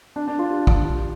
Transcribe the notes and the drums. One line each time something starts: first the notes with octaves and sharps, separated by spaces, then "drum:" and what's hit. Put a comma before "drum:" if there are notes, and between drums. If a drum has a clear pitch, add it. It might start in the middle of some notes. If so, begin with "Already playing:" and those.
D4
D4
F4
G4
D4, drum: kick
F4